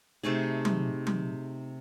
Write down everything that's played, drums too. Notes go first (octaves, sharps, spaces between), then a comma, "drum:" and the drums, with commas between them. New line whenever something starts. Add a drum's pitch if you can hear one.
C3 A3 D#4 G#4
drum: tom F#3
drum: tom F#3